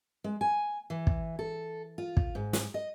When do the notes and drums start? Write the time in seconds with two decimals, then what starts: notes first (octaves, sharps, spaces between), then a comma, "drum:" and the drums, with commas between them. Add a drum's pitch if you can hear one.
0.24 G#3
0.41 G#5
0.90 E3
1.07 drum: kick
1.39 A4
1.98 F4
2.17 drum: kick
2.35 G#2
2.53 drum: snare
2.74 D#5